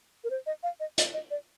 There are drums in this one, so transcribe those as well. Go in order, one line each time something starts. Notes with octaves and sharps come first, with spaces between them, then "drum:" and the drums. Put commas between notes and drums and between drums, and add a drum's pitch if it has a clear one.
A#4
C5
D#5
F5
D#5
D#5, drum: hi-hat
D#5
D5